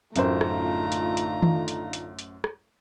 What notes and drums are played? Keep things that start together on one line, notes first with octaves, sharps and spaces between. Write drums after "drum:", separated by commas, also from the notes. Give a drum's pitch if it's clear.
A1 F#2 D3 A3 D#4 F4 C5 A#5, drum: hi-hat
drum: rim click
drum: hi-hat
drum: hi-hat
drum: tom D#3
drum: hi-hat
drum: hi-hat
drum: hi-hat
drum: rim click